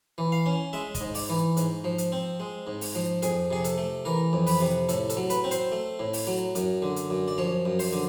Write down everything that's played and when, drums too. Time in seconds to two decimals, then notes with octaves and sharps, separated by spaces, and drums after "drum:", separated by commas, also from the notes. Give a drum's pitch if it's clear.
0.18 E3
0.32 F5
0.46 C#4
0.73 G#3 E5
0.95 D#5, drum: kick, hi-hat
1.01 G#2
1.15 D5, drum: open hi-hat
1.29 E3
1.57 G#2, drum: hi-hat
1.84 F3
1.98 drum: hi-hat
2.12 C4
2.40 G#3
2.67 G#2
2.81 drum: open hi-hat
2.95 F3
3.22 F2 G#4, drum: hi-hat
3.51 C3 G#4
3.64 A4, drum: hi-hat
3.78 A3
4.05 E3 A#4
4.33 F2
4.47 B4, drum: open hi-hat
4.60 C3
4.89 A2 A4, drum: hi-hat
5.10 A4, drum: hi-hat
5.17 F#3
5.30 B4, drum: hi-hat
5.44 C4
5.51 C5, drum: hi-hat
5.72 A3
5.99 A2
6.13 drum: open hi-hat
6.27 F#3
6.55 F#2, drum: hi-hat
6.82 D3
6.96 drum: hi-hat
7.10 F#2
7.28 D5
7.38 F3 C#5
7.65 F#2
7.79 C5, drum: open hi-hat
7.93 D3